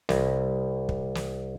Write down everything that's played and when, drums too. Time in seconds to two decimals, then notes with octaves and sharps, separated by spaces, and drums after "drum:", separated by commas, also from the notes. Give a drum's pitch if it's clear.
0.09 C2, drum: snare
0.89 drum: kick
1.15 drum: snare